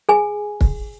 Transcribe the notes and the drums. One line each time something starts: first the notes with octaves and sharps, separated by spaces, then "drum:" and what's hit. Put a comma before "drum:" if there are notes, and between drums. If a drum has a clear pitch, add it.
G#4 G#5
drum: kick